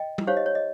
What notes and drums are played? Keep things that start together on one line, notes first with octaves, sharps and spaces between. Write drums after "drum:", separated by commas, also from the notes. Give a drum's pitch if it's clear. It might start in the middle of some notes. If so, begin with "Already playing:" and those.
Already playing: D#5 G5
drum: tom
D#4 G4 C5 C#5 F5
D#5
C#5
D#5